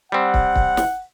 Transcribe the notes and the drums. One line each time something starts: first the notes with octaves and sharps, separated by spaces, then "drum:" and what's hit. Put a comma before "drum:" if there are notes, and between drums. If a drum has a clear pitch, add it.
G3 C4 F#5
drum: kick
drum: kick
drum: snare